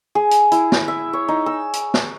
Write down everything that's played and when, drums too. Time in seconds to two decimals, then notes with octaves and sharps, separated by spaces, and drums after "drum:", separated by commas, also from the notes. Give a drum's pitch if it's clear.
0.15 G#4
0.31 drum: hi-hat
0.52 E4, drum: hi-hat
0.72 drum: snare
0.88 E5
1.13 C#5
1.28 D#4
1.46 E6
1.73 drum: hi-hat
1.94 drum: snare